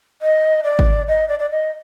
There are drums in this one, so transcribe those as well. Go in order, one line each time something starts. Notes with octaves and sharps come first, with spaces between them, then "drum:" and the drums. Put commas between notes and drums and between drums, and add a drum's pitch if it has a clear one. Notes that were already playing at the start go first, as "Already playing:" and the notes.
D#5
D5
drum: kick G#1
D#5
D5
D5
D#5